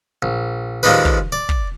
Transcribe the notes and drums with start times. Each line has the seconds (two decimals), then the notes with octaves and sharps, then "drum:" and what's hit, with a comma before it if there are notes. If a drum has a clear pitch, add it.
0.22 A#1
0.83 D#2 F3 G#3 D4 D#4 B4
1.05 drum: kick
1.32 D5
1.49 drum: kick